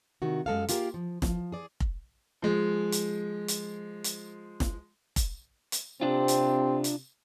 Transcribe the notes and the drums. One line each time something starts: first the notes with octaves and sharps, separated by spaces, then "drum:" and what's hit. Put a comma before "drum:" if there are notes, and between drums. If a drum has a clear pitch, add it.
C3 D#3 F#4
F#2 G#3 A4 F5
A#3 F4 G4 G#4 A#4, drum: hi-hat
F3
F3, drum: snare
G#4 D5
drum: kick F1
F3 G#3
drum: hi-hat
drum: hi-hat
drum: hi-hat
drum: snare
drum: kick F1, hi-hat
drum: hi-hat
C3 C4 D4 F4
drum: hi-hat
drum: hi-hat